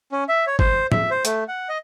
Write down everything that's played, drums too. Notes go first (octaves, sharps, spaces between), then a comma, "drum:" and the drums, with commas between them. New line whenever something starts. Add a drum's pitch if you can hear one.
C#4
E5
C#5
C5, drum: kick
E5, drum: tom A2
C5
A3, drum: hi-hat
F#5
D#5